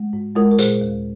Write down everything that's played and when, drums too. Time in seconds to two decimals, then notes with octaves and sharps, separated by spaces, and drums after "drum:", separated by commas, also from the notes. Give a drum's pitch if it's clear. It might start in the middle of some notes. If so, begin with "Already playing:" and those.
Already playing: G#3
0.13 G#2
0.36 G#3 F4 A#4
0.51 A#4
0.59 A#2 G#4 C5, drum: tambourine
0.81 D#2